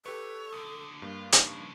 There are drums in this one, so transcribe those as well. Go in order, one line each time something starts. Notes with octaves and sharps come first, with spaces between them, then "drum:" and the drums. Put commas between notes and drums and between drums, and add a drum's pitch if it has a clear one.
G4 A4 B4 C#5
B1 D3 D#6
G2 A#3 F4
C#3 F3 D#4, drum: hi-hat